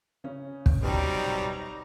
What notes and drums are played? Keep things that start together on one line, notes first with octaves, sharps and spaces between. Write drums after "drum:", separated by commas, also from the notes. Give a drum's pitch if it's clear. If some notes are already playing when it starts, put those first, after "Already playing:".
C#3 C#4
drum: kick
B2 F#3 G3 C4 D#4 A#5